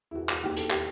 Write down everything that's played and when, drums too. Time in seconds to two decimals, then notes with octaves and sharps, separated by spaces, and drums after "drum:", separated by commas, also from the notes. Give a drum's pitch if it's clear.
0.11 E4
0.14 E1 F#4
0.29 F#4, drum: clap
0.43 D#2 D#3 G4
0.57 A4, drum: hi-hat
0.71 G4, drum: clap